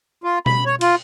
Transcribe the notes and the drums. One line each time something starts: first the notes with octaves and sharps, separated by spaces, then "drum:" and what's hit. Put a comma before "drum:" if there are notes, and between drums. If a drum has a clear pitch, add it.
F4
B5, drum: tom B2
C#5
F4, drum: cymbal